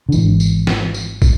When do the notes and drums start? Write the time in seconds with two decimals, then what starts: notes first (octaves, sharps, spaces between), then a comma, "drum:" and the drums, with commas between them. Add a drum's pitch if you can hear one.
0.09 D3
0.12 G#1 G#2 E3, drum: tambourine
0.40 drum: tambourine
0.67 drum: snare
0.94 drum: tambourine
1.22 drum: kick, tambourine